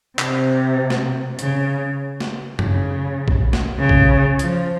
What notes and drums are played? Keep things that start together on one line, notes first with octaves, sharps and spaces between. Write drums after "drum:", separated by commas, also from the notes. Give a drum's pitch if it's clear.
C3, drum: clap
drum: snare
C#3, drum: hi-hat
drum: snare
C#3, drum: tom F#2
drum: kick A#1
drum: snare
C#3
drum: kick A#1
F3, drum: hi-hat